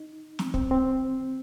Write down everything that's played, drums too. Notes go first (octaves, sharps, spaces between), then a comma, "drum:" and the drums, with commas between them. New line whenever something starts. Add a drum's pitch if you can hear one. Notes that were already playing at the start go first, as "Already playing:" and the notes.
Already playing: D#4
drum: snare
C4, drum: kick
C4